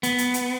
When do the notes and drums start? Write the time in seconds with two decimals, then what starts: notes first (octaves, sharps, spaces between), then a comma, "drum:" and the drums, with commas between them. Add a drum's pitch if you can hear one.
0.03 B3, drum: hi-hat
0.18 drum: hi-hat
0.34 drum: hi-hat